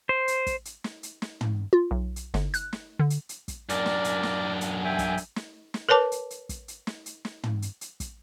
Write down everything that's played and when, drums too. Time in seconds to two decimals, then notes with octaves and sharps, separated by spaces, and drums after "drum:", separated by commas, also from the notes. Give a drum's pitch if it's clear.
0.09 C5
0.28 drum: hi-hat
0.47 drum: kick, hi-hat
0.65 drum: hi-hat
0.84 drum: snare
1.03 drum: hi-hat
1.22 drum: snare
1.41 drum: tom
1.73 F4
1.91 B1
2.16 drum: hi-hat
2.34 G1, drum: snare
2.54 F#6, drum: hi-hat
2.73 drum: snare
2.99 D3
3.10 drum: hi-hat
3.29 drum: hi-hat
3.48 drum: kick, hi-hat
3.69 F#2 D4 A#4 D5, drum: hi-hat
3.86 drum: snare
4.04 drum: hi-hat
4.23 drum: snare
4.61 drum: hi-hat
4.84 E5 G5 G#5
4.99 drum: kick, hi-hat
5.17 drum: hi-hat
5.36 drum: snare
5.74 drum: snare
5.89 A#4 B4 C#5 A5 D6
6.12 drum: hi-hat
6.30 drum: hi-hat
6.49 drum: kick, hi-hat
6.68 drum: hi-hat
6.87 drum: snare
7.06 drum: hi-hat
7.25 drum: snare
7.43 drum: tom
7.62 drum: hi-hat
7.81 drum: hi-hat
8.00 drum: kick, hi-hat